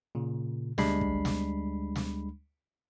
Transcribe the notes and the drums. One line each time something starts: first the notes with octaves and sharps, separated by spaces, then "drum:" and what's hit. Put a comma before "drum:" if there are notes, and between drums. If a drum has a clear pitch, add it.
A#2 C#3
D2 G3 G#3 D4 B5 C7, drum: snare
drum: kick
drum: snare
drum: snare